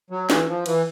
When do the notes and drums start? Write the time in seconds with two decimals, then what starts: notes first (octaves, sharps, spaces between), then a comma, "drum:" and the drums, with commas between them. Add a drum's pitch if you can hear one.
0.10 F#3
0.30 E3, drum: snare
0.48 F3
0.66 E3, drum: cymbal